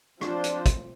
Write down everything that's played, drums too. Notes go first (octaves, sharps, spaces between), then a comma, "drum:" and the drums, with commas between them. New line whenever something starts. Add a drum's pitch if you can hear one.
F3 C4 D4 F4 C5, drum: rim click
drum: hi-hat
drum: kick, hi-hat